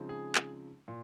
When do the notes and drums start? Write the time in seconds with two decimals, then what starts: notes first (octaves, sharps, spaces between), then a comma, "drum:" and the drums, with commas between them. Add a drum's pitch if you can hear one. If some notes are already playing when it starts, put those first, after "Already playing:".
Already playing: C#3 F3 G#3 C4 D#4
0.09 G#4
0.35 drum: clap
0.88 A#2